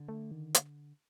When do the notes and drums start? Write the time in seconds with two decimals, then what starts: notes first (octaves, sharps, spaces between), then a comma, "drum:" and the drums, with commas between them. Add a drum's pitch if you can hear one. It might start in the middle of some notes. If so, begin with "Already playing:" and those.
Already playing: D3
0.08 A3
0.31 D#3
0.54 drum: hi-hat